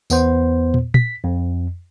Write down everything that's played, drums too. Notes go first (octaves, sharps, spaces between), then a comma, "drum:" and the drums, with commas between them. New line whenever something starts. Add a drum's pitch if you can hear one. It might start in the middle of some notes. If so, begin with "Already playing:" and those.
E2 B3 C5, drum: tambourine
drum: tom
B6, drum: tom
F2